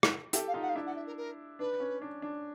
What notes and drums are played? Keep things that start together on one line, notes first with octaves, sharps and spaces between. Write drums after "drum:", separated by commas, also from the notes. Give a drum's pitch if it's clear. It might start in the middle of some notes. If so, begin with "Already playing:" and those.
drum: rim click
G4 A4 E5, drum: hi-hat
F5
D#4 F4
F#5
F5
D4 E4 E5
F#5
E5
A#4
A#4
D4 B4
C#4
D4
D4